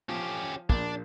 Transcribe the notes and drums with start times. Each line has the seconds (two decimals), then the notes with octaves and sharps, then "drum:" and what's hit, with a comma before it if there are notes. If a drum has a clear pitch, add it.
0.09 F3 C#4 G4
0.70 A#1 D4, drum: kick